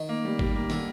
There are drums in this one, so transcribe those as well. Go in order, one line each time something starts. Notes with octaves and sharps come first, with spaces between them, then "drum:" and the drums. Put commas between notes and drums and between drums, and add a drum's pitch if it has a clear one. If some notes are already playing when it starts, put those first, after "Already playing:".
Already playing: D#3
A#3
G3
G3, drum: kick
A#3
D3, drum: snare